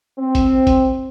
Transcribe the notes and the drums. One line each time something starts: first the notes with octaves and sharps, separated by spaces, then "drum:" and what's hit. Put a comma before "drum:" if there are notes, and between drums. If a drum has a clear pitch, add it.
C4
drum: kick A1, hi-hat
drum: kick A1, hi-hat